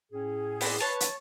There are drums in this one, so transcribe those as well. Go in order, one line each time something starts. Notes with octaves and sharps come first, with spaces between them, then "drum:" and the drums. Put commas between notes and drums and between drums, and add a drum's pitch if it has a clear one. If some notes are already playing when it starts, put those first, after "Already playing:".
A2 C#4 G#4
B3 C4 D5, drum: open hi-hat
B4 C#5 A5
drum: hi-hat